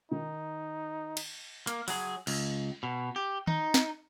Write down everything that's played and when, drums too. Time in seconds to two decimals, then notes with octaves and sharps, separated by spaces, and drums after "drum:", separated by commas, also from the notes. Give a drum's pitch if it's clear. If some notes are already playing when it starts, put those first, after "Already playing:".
0.11 D#3 D#4
1.17 drum: cymbal
1.67 A#3, drum: hi-hat
1.88 F#3 G#4, drum: open hi-hat
2.27 C#2, drum: cymbal
2.83 B2
3.16 G4
3.47 D#4, drum: tom
3.74 drum: snare